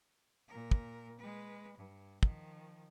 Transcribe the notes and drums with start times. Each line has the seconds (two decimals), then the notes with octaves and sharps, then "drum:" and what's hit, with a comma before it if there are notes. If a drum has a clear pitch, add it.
0.48 A#2 A#4
0.71 drum: kick
1.18 G#3 B4
1.77 G2
2.23 D#3 F3, drum: kick